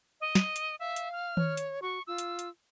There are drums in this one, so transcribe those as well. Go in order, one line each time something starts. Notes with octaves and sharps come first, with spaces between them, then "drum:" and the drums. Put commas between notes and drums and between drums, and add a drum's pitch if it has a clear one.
D#5
drum: snare
drum: hi-hat
E5 F5
drum: hi-hat
F6
C#5, drum: tom D#3
drum: hi-hat
F#4 C#6
F4 E6
drum: hi-hat
drum: hi-hat